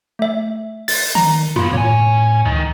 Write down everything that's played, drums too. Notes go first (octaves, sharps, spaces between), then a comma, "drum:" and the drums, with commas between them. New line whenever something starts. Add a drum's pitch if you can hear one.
A3 E5
A6, drum: open hi-hat
D#3 A#5
F#2 A#3 B3 F4
A2 C#5 G#5
C#2 D#3